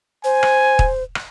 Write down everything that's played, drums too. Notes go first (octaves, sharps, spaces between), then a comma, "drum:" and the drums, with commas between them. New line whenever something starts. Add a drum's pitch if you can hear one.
C5 G#5
drum: rim click
drum: kick
drum: rim click